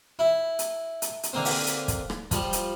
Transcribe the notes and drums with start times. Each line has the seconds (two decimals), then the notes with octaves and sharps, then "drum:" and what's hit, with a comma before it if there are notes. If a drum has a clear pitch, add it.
0.19 E4
0.59 drum: hi-hat
1.02 drum: hi-hat
1.23 drum: hi-hat
1.33 D3 A#3 C4
1.45 drum: open hi-hat
1.67 drum: hi-hat
1.88 drum: kick, hi-hat
2.10 drum: rim click
2.31 F3 G3, drum: kick, hi-hat
2.53 drum: hi-hat